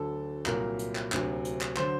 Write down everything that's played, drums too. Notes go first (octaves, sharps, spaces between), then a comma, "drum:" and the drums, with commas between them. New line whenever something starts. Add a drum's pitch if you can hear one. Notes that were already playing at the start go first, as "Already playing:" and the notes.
Already playing: D2 D3 F#3 A4
C2 A#2 F#3 A#4, drum: clap
drum: hi-hat
drum: clap
D2 C3 F#3, drum: clap
drum: hi-hat
drum: clap
D3 F#3 C5, drum: clap